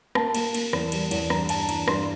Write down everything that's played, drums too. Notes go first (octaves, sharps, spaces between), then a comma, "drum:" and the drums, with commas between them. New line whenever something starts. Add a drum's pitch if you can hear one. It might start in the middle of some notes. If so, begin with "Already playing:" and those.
A#3 A5, drum: rim click
A#3, drum: cymbal
A#3, drum: cymbal
E2, drum: rim click
G3, drum: cymbal
E2, drum: cymbal
G2 A#5, drum: rim click
G2 A5, drum: cymbal
E3 A#5, drum: cymbal
G2 C6, drum: rim click